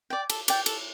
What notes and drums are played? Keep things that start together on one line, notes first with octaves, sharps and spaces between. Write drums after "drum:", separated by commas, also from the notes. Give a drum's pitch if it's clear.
D5 G5
A4, drum: cymbal
D5 G5, drum: cymbal
A4, drum: cymbal